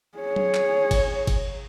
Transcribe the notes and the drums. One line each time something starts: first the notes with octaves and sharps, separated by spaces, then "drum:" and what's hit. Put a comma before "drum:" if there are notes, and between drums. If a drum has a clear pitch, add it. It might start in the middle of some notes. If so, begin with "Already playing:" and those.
G#4 C#5
drum: tom F#3
drum: clap
drum: kick G1, cymbal
drum: kick G1, cymbal